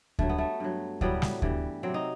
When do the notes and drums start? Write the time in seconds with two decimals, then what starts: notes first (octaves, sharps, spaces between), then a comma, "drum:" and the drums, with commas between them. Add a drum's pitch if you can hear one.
0.19 G2 F#3 A3, drum: kick D2
0.29 B3
0.38 A3
0.60 G2 F#3
1.01 A2 F#3 G3 B3, drum: kick D2
1.22 drum: snare
1.42 G2 E3 G3, drum: kick D2
1.83 C3 F#3 C4
1.94 D#4